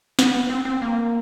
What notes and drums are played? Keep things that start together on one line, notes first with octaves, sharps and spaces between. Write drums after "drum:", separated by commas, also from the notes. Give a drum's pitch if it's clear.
B3, drum: snare
C4
C4
A#3